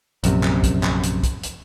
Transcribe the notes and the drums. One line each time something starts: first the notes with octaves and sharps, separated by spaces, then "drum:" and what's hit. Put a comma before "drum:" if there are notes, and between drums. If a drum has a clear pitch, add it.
A#1 F#2 C3, drum: hi-hat
drum: clap
drum: kick B1, hi-hat
drum: clap
drum: hi-hat
drum: kick B1, hi-hat
drum: hi-hat